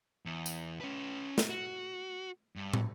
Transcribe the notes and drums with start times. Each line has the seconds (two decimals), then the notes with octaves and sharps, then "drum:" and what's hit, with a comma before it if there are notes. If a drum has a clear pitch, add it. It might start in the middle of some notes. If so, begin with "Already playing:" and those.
0.26 E2
0.46 drum: tambourine
0.81 C#4 B4
1.38 drum: snare
1.50 F#4
2.56 G2
2.73 drum: tom